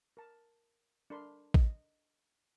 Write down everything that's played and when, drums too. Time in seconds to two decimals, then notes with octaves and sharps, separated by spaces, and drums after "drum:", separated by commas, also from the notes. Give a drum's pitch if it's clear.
0.17 A#4 A5
1.10 D4 A4 A#4 B5 C6
1.54 D#5, drum: kick A1